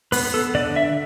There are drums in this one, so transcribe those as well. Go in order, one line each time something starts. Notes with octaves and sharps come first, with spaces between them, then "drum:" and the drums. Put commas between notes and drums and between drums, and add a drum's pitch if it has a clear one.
B3 B4, drum: open hi-hat
A4
D3 D5
E5